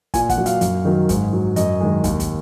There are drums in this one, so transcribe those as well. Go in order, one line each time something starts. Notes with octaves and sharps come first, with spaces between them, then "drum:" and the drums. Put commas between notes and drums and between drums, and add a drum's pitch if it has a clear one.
A#2 G#5, drum: kick, hi-hat
F#5, drum: kick, hi-hat
F#3
F5, drum: hi-hat
F#2, drum: hi-hat
D#3 F#3
G#2, drum: kick, hi-hat
F#3
F#2 D#5, drum: hi-hat
D#3 G#3
D#2, drum: kick, hi-hat
drum: kick, hi-hat